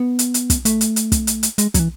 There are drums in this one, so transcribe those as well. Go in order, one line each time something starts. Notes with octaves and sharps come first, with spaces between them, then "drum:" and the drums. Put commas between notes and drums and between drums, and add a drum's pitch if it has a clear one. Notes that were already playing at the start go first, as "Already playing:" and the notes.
Already playing: B3
drum: hi-hat
drum: hi-hat
drum: kick, hi-hat
A3, drum: hi-hat
drum: hi-hat
drum: hi-hat
drum: kick, hi-hat
drum: hi-hat
drum: hi-hat
G#3, drum: hi-hat
F#3, drum: kick, hi-hat
E3